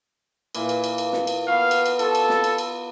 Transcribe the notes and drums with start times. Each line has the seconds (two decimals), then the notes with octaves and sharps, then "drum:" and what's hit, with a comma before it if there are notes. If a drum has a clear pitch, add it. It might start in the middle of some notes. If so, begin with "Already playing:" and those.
0.55 A#2 E3 A#3, drum: cymbal
0.69 drum: cymbal
0.84 drum: cymbal
0.98 drum: cymbal
1.13 drum: snare
1.27 drum: cymbal
1.48 B3 F#4 F5
1.71 drum: cymbal
1.86 drum: cymbal
1.99 F4 G4 A4, drum: cymbal
2.15 drum: cymbal
2.29 drum: snare
2.44 drum: cymbal
2.58 drum: cymbal